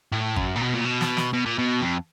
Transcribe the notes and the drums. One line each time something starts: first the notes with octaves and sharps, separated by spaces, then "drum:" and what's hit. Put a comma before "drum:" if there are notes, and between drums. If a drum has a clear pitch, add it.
A2
F#2, drum: kick G#1
A#2
B2
A#2
B2
drum: snare
drum: snare
B2
A#2
B2
F2